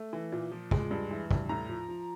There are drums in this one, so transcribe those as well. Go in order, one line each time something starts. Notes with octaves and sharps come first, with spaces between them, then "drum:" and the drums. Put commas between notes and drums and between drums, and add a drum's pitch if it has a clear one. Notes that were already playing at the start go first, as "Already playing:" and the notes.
Already playing: A3
E3
A#2
F3
G#3, drum: kick
G2
E3
G2, drum: kick
A2 A#5
F3
F3